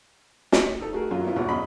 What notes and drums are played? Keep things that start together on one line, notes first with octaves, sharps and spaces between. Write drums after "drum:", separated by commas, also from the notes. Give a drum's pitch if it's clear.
drum: snare
D#4 A4
A3 F#4 G#4 A#4
F#2 D#3 F#3 A#3 F4
A#3 B3 C#4 E4 F4
G#1 E2 B2 G3 C#5 F#5
F#2 A#3 D#5 B5